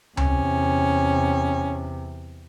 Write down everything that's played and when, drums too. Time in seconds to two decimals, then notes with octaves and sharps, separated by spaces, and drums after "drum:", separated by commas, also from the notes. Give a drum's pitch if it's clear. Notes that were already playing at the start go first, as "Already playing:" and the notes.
0.17 E2 C3 C#4, drum: tom C#2